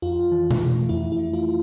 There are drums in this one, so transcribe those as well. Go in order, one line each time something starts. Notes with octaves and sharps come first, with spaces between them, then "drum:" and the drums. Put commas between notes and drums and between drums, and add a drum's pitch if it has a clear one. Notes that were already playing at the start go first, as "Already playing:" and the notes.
F2 F4
E3
drum: tom B2
A3
F2 E4
E4
A3
F4